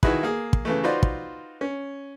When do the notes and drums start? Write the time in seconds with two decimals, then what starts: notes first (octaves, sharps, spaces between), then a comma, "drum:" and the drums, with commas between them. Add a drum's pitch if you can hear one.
0.03 D#3 E4 F#4 G#4 B4, drum: kick
0.23 A#3 G#4
0.53 drum: kick
0.65 C#3 E3 A3
0.83 D#4 F4 F#4 B4 C5 D5
1.03 drum: kick
1.61 C#4